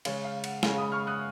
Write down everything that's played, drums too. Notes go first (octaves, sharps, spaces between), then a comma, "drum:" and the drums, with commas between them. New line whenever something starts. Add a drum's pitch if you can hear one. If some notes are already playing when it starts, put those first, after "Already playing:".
C#3 G#3 C#4 F5, drum: cymbal
F5
F#5, drum: cymbal
C#3 G#3 C#4 F5 G#5, drum: snare
B5 D#6
C#6 F6
D#6 F#6